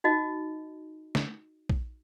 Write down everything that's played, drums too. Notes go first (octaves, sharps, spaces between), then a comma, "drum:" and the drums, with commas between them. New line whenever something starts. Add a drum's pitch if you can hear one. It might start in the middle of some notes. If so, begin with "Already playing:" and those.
D#4 F#4 D#5
drum: snare
drum: kick A#1